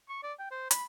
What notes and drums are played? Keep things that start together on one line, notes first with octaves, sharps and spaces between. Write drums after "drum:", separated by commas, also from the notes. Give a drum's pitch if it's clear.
C#6
D5
G5
C5
B5, drum: hi-hat